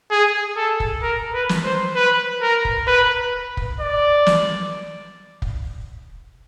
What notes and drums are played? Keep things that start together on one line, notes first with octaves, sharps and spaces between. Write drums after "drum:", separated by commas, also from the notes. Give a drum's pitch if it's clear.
G#4
A4
drum: kick
A#4
B4
drum: snare
C5
B4
A#4
drum: kick
B4
drum: kick
D5
drum: snare
drum: kick